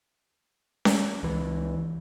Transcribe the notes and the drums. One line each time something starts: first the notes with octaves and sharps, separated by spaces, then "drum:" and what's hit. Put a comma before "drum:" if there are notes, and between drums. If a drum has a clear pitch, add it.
drum: snare C#4
C#2 E3